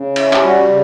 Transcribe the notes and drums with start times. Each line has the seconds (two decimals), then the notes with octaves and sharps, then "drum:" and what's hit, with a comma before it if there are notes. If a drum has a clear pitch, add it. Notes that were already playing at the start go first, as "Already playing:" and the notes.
Already playing: C#3
0.16 C#4 E4, drum: cymbal
0.33 G4, drum: clap
0.42 G3 F#4
0.68 C#3